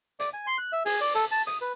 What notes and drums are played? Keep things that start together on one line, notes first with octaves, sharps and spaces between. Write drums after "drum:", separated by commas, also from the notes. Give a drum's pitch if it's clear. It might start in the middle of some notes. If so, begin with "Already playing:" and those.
D5, drum: hi-hat
G#5
C6
F#6
E5
G#4, drum: open hi-hat
D5
A4, drum: hi-hat
A5
D#6, drum: hi-hat
B4